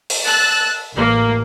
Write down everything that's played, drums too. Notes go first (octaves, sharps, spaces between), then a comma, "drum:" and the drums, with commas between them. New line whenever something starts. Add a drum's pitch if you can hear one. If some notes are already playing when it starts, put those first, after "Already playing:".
drum: open hi-hat
A5 E6 F#6 A6
A1 A#3